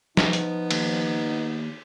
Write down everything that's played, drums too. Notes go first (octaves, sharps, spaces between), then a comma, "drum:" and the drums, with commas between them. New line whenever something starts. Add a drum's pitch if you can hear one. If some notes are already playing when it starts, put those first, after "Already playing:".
F3 B3 D#4, drum: snare
drum: hi-hat
D#2, drum: cymbal